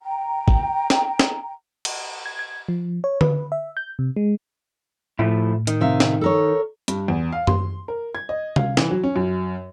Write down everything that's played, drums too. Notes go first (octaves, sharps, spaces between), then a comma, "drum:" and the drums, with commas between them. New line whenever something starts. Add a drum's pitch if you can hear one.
G5 A#5
drum: kick
drum: snare
drum: snare
drum: cymbal
G#6
G#6
F3
C#5
B4, drum: tom D3
E5
G6
C3
G#3
A2 F3 A3 E4
D#3, drum: hi-hat
C3 E5 F5
drum: snare
A4 A#4 C#5
G2, drum: hi-hat
E2
F5
C6, drum: tom F#2
A#4
G#6
D#5
F5, drum: tom C3
E3, drum: snare
F#3
C#4
F#2